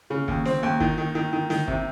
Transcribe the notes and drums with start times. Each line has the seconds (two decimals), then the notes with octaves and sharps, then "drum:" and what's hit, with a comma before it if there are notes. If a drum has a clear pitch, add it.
0.10 C#3
0.28 D#2, drum: kick
0.45 C4, drum: snare
0.63 D#2
0.80 D#3, drum: kick
0.98 D#3
1.15 D#3
1.33 D#3
1.50 D#3, drum: snare
1.68 C3, drum: kick